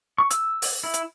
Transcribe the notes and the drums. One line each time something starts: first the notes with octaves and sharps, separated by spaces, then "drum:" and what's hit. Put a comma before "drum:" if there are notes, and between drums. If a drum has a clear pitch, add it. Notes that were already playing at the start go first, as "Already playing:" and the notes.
C#6
E6, drum: hi-hat
drum: open hi-hat
E4
drum: hi-hat